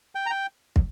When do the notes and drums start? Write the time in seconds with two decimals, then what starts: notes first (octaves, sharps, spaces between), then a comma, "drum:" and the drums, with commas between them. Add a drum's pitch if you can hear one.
0.15 G5
0.26 A#5
0.30 G5
0.76 drum: kick